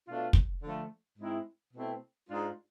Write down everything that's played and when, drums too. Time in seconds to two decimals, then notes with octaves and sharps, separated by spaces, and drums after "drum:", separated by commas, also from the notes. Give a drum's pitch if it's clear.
0.07 B2 A3 D4 F4
0.33 drum: kick
0.63 D3 F3 A3
1.18 G#2 G#3 C4 E4
1.74 B2 A3 C4 E4
2.29 G#2 G#3 D4 F4